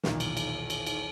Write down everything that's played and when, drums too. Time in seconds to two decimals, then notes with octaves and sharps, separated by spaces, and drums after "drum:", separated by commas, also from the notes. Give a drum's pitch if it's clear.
0.03 B1 E2 A#2 D#3, drum: snare
0.20 drum: cymbal
0.37 drum: cymbal
0.70 drum: cymbal
0.86 drum: cymbal